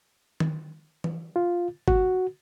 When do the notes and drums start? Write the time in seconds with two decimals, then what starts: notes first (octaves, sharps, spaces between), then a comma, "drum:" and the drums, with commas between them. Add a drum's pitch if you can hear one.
0.40 drum: tom D#3
1.04 drum: tom E3
1.36 F4
1.88 F#4, drum: kick G1